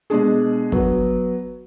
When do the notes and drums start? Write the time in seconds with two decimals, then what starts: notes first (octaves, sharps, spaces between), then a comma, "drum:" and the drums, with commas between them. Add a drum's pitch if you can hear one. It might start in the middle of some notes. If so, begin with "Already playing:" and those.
0.10 B2 G#3 D4 G#4
0.72 F#3 B3, drum: kick